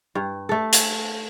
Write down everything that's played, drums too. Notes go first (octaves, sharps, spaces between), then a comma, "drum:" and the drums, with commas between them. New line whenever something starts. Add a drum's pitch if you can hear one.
G2
A3 A4
drum: hi-hat